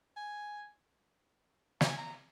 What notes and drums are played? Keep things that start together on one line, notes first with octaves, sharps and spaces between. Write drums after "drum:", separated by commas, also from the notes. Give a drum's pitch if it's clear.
G#5
A#5, drum: snare
G#5
A#5